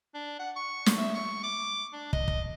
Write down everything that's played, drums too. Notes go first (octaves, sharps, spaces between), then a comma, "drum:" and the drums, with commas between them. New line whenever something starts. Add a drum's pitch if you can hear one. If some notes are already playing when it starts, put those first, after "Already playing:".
D4
F#5
C#6
drum: snare
E5
C#6
D6
D4
D#5, drum: kick
drum: kick